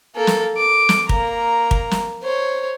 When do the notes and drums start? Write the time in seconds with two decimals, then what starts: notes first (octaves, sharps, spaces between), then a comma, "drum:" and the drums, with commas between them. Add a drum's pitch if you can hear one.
0.15 A#3 A4
0.27 drum: snare
0.57 D6
0.89 drum: snare
1.09 A#3 A#5, drum: kick
1.71 drum: kick
1.91 drum: snare
2.22 C5 C#5